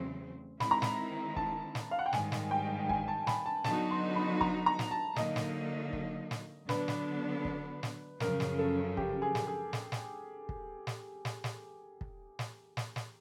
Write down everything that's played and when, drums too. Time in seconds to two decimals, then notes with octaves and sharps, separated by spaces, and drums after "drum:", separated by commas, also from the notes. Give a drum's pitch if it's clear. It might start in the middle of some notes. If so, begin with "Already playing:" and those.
Already playing: E2 C#3 F#3 A3 C4
0.60 D#3 G#3 C4 E4 B5, drum: snare
0.71 A#5
0.82 B5, drum: snare
1.36 A5, drum: kick
1.75 drum: snare
1.91 F5
1.99 F#5
2.06 G5
2.13 G#2 D#3 G3 G#5, drum: snare
2.32 drum: snare
2.51 G5
2.89 G#5, drum: kick
3.08 A5
3.27 B5, drum: snare
3.46 A5
3.64 D3 F#3 B3 D#4 F#4 A5, drum: snare
3.91 C6
4.16 B5
4.41 A#5, drum: kick
4.66 A#5
4.79 drum: snare
4.91 A5
5.16 D3 F#3 A#3 D#4 D#5, drum: snare
5.36 drum: snare
5.93 drum: kick
6.31 drum: snare
6.69 D3 F#3 B3 D4 B4, drum: snare
6.88 drum: snare
7.45 drum: kick
7.83 drum: snare
8.20 F#2 C#3 F3 A#4, drum: snare
8.40 drum: snare
8.59 A4
8.97 G4, drum: kick
9.22 G#4
9.35 drum: snare
9.47 G#4
9.73 drum: snare
9.92 drum: snare
10.49 drum: kick
10.87 drum: snare
11.25 drum: snare
11.44 drum: snare
12.01 drum: kick
12.39 drum: snare
12.77 drum: snare
12.96 drum: snare